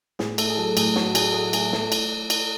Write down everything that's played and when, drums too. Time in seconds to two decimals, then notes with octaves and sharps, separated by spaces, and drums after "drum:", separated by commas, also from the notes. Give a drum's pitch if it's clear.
0.19 A2 G#4, drum: snare
0.38 A3 A4, drum: cymbal
0.50 G#4
0.57 F#3 A4
0.77 A2 G#4, drum: cymbal
0.96 F#3 F#4, drum: snare
1.15 A2 G#4, drum: cymbal
1.34 A3 G#4
1.53 A3 G#4, drum: cymbal
1.72 A3 A4, drum: snare
1.92 drum: cymbal
2.30 drum: cymbal